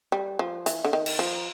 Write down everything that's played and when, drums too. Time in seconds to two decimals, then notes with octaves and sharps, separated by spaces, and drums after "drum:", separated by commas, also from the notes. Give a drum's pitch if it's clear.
0.12 G3
0.39 F3
0.66 E3, drum: hi-hat
0.85 D3
0.93 D#3
1.06 drum: cymbal
1.19 F3